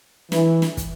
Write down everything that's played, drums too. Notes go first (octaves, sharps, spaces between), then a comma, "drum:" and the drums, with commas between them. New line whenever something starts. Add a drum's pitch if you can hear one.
E3, drum: snare
drum: snare
drum: kick, hi-hat